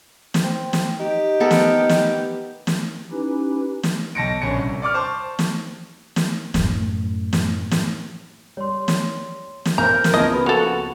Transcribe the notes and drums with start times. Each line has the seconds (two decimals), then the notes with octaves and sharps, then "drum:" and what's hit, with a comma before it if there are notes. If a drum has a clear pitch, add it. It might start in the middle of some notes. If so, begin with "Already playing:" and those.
0.34 drum: snare
0.44 C4
0.73 drum: snare
1.00 D#4 G4
1.40 B3 A4 A#4
1.51 drum: snare
1.89 drum: snare
2.67 drum: snare
3.11 C#4 D#4 E4 G4 B4
3.83 drum: snare
4.15 B1 A5 A#6 C#7 D7
4.42 A#1 C#4 C#7
4.56 C2
4.82 D5 C#6 D6 F6
4.94 C5 A5 C#6
5.39 drum: snare
6.16 drum: snare
6.54 F#2 A2, drum: snare
7.33 drum: snare
7.71 drum: snare
8.57 G3 C#5 C6
8.88 drum: snare
9.65 drum: snare
9.78 B1 A#4 C5 A#5 G6
10.04 drum: snare
10.14 C#2 B3 C4 D#5 A5 D#6 G#6
10.32 F#4 B4 B5
10.46 F3 A#3 F#4 A4 F7